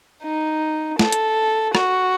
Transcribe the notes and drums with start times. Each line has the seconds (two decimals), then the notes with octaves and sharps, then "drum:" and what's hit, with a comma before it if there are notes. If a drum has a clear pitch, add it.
0.24 D#4
0.99 A4, drum: snare
1.12 drum: hi-hat
1.75 F#4, drum: rim click